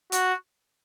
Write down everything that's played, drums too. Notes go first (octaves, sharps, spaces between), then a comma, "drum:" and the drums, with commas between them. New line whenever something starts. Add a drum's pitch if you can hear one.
F#4, drum: hi-hat